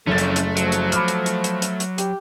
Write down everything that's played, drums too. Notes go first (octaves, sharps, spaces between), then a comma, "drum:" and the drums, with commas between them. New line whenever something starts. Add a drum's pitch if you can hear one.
F#1 F2 A3 C#4 A4 A6
drum: hi-hat
drum: hi-hat
F3 F#3, drum: hi-hat
drum: hi-hat
B5 D6 F6, drum: hi-hat
drum: hi-hat
drum: hi-hat
drum: hi-hat
drum: hi-hat
drum: hi-hat
G4, drum: hi-hat